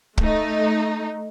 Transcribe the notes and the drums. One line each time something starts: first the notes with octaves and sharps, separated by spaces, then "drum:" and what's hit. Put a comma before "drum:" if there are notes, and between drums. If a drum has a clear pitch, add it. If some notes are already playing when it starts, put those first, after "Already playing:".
A3 D#4, drum: kick